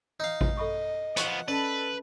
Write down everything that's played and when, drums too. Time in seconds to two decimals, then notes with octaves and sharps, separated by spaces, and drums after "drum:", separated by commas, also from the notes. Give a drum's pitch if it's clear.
0.20 D#4 F5
0.41 drum: kick A1
0.57 A4 D#5 B5 C#6
1.17 F3 B3 F#5 B5 C#6, drum: hi-hat
1.48 C#4 A4 B4 D5 A5